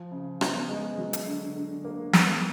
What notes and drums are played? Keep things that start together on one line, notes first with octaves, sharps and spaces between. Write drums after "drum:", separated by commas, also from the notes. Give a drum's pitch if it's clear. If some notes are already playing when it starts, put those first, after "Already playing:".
Already playing: F3
C#3
B3, drum: rim click
G#3
F#3
drum: hi-hat
D3
D3
A#3
B3, drum: snare